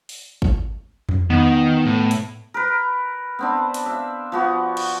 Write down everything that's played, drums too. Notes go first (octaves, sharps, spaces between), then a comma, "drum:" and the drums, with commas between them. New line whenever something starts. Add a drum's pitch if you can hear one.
drum: open hi-hat
drum: kick
drum: tom F2
D#3 B3
A2
drum: hi-hat
A#4 B4
B3 C4 D4
drum: hi-hat
E5 F5
F3 B3 F#4
drum: cymbal